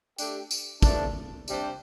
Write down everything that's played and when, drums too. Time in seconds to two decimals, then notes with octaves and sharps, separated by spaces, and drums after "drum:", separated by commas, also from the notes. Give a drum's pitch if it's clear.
0.18 A3 D4 G4, drum: tambourine
0.51 drum: tambourine
0.82 G2 F3 A3 D4, drum: kick, tambourine
1.48 C3 G3 D4 G4 C5, drum: tambourine